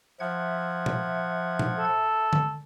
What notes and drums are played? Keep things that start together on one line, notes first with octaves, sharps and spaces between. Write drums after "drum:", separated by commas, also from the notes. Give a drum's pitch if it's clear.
F3 E5 F#5 G#6
drum: tom A#2
drum: tom A#2
A4
drum: tom D3